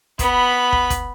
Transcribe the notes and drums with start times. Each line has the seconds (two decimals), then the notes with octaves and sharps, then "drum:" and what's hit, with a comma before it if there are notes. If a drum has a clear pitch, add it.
0.19 B3 B5, drum: kick, hi-hat
0.72 drum: kick
0.90 drum: kick, hi-hat